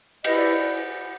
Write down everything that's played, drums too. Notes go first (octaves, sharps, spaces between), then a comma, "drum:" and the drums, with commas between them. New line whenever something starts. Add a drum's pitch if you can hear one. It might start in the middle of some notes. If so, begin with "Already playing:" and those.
E4 G4 B4 D#5, drum: cymbal
D5